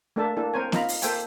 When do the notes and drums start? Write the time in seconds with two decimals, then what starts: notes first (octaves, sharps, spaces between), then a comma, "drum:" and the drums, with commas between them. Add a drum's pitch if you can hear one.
0.16 A3 A#3 D4 A4 E5 A5
0.37 A#3 D4 E4 A4
0.54 C4 A#4 C5 C#5 G#5
0.72 D#4 F4 F5 A#5 B5, drum: snare B3
0.89 drum: open hi-hat
1.02 A#3 A4 C5 E5 G5 G#5, drum: hi-hat